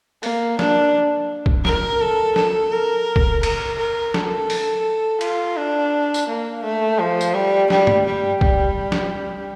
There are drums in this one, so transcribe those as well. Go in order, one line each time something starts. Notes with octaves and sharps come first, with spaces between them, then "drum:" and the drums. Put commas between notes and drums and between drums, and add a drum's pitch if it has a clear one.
A#3, drum: open hi-hat
D4, drum: snare
drum: kick
A#4, drum: snare
A4
A4, drum: snare
A#4
drum: kick
A#4, drum: cymbal
A#4
A4, drum: snare
drum: open hi-hat
F4, drum: cymbal
D4
drum: tambourine
A#3
A3
F3
drum: tambourine
G3
G3, drum: snare
drum: tom
G3
G3, drum: kick
drum: snare